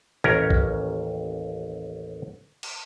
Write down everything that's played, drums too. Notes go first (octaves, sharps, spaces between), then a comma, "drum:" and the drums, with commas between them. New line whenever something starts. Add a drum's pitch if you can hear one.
A1 D#2 C#4 A#4 A#5, drum: tom A#2
drum: kick A#1
drum: cymbal